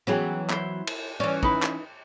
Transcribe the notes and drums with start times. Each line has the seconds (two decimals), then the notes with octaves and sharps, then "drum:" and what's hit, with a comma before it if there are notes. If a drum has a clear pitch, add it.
0.07 E3 F#3 B3 C#4 G#4 G5
0.50 E4 C5, drum: clap
0.87 drum: cymbal
1.20 E3 C#4 D5
1.43 D#4 E4 B4, drum: kick
1.62 drum: clap